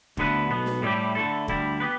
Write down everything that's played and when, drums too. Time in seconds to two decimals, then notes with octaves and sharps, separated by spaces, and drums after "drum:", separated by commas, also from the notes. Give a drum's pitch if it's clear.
0.17 D2 D3 B3 E4 B4, drum: kick
0.50 B1 B2 B3
0.66 drum: snare
0.82 A2 G3 E4 G4
1.15 D3 A3 E4 A4
1.48 D2 D3 G3 E4, drum: kick
1.80 B3 G4 B4